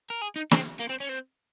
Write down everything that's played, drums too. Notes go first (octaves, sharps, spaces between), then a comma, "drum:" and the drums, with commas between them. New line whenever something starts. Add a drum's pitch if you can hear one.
A#4
G#4
D#4
C4, drum: snare
A#3
C4
C#4
C4